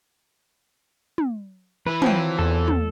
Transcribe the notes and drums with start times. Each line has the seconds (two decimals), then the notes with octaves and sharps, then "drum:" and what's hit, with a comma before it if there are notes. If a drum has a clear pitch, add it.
1.18 drum: tom
1.87 E3 B4
2.02 F3 F#3 C4, drum: tom
2.39 E2 A4
2.68 drum: tom